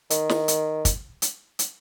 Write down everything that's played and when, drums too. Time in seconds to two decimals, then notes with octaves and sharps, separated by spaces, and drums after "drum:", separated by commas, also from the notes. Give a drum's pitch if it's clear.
0.10 D#3, drum: hi-hat
0.29 drum: snare
0.48 drum: hi-hat
0.85 drum: kick, hi-hat
1.22 drum: hi-hat
1.59 drum: hi-hat